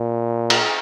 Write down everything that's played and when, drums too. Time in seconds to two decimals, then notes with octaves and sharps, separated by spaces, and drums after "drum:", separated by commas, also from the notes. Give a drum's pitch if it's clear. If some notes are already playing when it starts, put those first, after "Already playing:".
Already playing: A#2
0.50 drum: cymbal